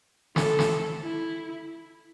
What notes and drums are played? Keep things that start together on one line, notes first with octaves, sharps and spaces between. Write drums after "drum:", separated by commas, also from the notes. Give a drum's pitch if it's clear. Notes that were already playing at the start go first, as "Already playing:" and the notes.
A4, drum: snare
drum: snare
E4